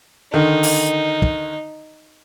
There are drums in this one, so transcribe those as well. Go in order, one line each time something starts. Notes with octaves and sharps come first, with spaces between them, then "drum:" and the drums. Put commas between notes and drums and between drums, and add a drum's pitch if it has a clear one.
D3 D#3 D#4
drum: open hi-hat
drum: kick